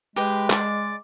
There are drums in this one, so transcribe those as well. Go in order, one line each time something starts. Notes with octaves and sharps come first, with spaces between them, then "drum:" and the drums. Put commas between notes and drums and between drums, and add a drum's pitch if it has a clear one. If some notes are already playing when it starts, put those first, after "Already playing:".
G#3 G4 B4 D#5
D5, drum: clap